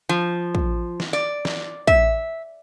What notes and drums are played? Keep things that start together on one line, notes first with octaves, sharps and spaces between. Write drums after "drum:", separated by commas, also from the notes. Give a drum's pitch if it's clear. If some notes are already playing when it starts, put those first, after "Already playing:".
F3
drum: kick
drum: snare
D5
drum: snare
E5, drum: kick